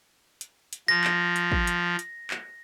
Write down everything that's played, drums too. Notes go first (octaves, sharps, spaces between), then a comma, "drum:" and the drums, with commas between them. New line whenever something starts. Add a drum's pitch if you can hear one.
drum: hi-hat
drum: hi-hat
F3 A#6
drum: clap
drum: hi-hat
drum: kick
drum: hi-hat
drum: hi-hat
drum: clap